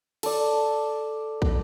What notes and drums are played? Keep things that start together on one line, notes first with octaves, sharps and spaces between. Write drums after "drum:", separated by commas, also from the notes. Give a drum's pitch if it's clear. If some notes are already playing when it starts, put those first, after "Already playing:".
A4 D5, drum: cymbal
drum: kick